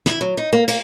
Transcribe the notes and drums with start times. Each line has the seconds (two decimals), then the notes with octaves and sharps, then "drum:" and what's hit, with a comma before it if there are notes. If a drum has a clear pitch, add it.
0.06 E4, drum: snare
0.21 F#3
0.37 D#4
0.53 A#3
0.68 A#3, drum: cymbal